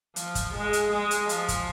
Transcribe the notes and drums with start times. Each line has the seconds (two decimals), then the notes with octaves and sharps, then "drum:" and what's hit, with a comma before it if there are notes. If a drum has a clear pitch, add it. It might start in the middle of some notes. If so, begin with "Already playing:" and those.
0.16 F3, drum: hi-hat
0.35 drum: kick, hi-hat
0.54 G#3
0.73 drum: hi-hat
0.92 G#3
1.11 drum: hi-hat
1.29 F3, drum: hi-hat
1.48 drum: kick, hi-hat